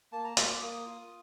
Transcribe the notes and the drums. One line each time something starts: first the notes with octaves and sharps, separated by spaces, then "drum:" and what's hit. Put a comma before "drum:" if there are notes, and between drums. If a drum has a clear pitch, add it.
A#3 A5
A#5
A#3 C6, drum: hi-hat
D6
A#3 D#6
F4